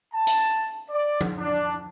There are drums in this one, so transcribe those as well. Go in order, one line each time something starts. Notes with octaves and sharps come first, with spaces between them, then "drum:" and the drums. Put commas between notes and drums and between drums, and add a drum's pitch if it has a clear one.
A5
drum: hi-hat
D5
drum: tom F3
D4